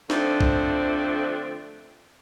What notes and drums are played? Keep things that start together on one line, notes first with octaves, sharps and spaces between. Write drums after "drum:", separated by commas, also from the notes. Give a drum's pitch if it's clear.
D3 F3 A3 C4 D4, drum: snare
drum: kick